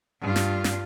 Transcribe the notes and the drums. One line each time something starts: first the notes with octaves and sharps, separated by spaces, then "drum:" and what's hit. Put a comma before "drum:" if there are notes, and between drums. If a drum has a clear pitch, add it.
G2 F4
drum: snare
drum: snare